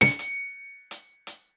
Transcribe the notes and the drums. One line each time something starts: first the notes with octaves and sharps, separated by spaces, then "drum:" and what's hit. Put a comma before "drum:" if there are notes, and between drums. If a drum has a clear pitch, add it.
C#7, drum: snare
drum: hi-hat
drum: hi-hat
drum: hi-hat